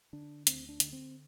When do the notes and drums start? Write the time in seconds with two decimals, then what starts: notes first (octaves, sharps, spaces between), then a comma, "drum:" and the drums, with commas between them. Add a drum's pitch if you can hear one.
0.13 D3 D4
0.47 D2 C4, drum: hi-hat
0.69 D4
0.80 D3, drum: hi-hat
0.93 C4